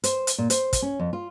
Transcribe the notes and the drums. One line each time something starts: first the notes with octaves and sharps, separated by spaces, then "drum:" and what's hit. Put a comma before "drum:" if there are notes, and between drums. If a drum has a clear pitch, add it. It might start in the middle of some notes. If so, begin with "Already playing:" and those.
C5, drum: hi-hat
drum: hi-hat
A#2
C5, drum: hi-hat
drum: kick, hi-hat
C#4
F2
F4